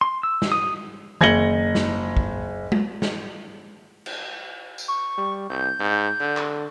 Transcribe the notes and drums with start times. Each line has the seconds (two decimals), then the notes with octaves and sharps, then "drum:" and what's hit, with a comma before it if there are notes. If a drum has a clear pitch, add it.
0.01 C6
0.23 E6
0.42 drum: snare
0.52 D#6
1.21 F#1 G#6 A#6 C#7 F#7 G7, drum: tom D#3
1.75 drum: snare
2.17 drum: kick
2.72 drum: tom G#3
3.02 drum: snare
4.06 drum: cymbal
4.78 drum: tambourine
4.88 C#6
5.18 G3
5.50 C2 G6
5.80 G#2
6.20 D3
6.37 drum: clap